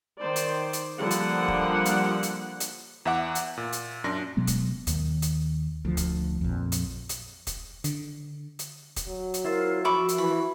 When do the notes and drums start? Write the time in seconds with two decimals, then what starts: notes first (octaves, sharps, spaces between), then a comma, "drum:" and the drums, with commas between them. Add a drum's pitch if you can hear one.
0.19 D#3 C5 D5
0.36 drum: hi-hat
0.73 drum: hi-hat
0.97 D3 F3 G3 A#3 F#5
1.11 drum: hi-hat
1.48 drum: kick
1.86 drum: hi-hat
2.23 drum: hi-hat
2.60 drum: hi-hat
3.06 E2 E5 F#5 D6
3.35 drum: hi-hat
3.57 A#2
3.73 drum: hi-hat
4.04 F#2 D4 A#6
4.37 B2 F#3 G#3 B3
4.47 drum: kick, hi-hat
4.87 D#2 D#3, drum: hi-hat
5.22 drum: hi-hat
5.85 D2 F3
5.97 drum: kick, hi-hat
6.41 A#1 F2
6.72 drum: hi-hat
7.09 drum: hi-hat
7.47 drum: kick, hi-hat
7.84 D3, drum: hi-hat
8.59 drum: hi-hat
8.96 drum: kick, hi-hat
9.07 F#3
9.34 drum: hi-hat
9.45 E4 F4 A#4 C5
9.85 F3 F#4 E5 B5 C#6 D6
10.09 drum: hi-hat
10.18 E3 B5